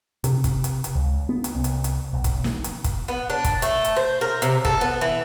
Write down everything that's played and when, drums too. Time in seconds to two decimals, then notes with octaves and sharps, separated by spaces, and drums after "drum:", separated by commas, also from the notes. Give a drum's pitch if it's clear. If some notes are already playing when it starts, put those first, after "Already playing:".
0.24 C3, drum: hi-hat
0.44 drum: kick, hi-hat
0.64 drum: hi-hat
0.84 drum: hi-hat
0.95 C#2
1.29 B3
1.44 drum: hi-hat
1.55 C2
1.64 drum: hi-hat
1.84 drum: hi-hat
2.13 B1
2.24 drum: kick, hi-hat
2.44 drum: snare
2.64 drum: hi-hat
2.84 drum: kick, hi-hat
3.08 B3
3.30 D4
3.44 drum: kick, hi-hat
3.62 A3, drum: hi-hat
3.84 drum: hi-hat
3.96 C5
4.21 A#4
4.42 C3, drum: hi-hat
4.65 A4, drum: kick
4.81 B3
5.01 E3